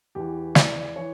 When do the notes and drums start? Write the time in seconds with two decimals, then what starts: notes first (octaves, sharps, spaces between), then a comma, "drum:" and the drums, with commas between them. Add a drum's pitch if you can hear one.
0.15 E2 E3 G4
0.55 D5, drum: snare
0.96 E3 C#5